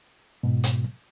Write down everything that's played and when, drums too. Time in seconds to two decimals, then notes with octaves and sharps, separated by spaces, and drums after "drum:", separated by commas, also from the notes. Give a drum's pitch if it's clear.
0.43 G#2 B2
0.64 drum: hi-hat